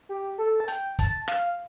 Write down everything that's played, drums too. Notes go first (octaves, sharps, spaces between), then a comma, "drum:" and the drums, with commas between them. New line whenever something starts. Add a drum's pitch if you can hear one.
G4
A4
A5
G5, drum: hi-hat
A5, drum: kick, hi-hat
F5, drum: rim click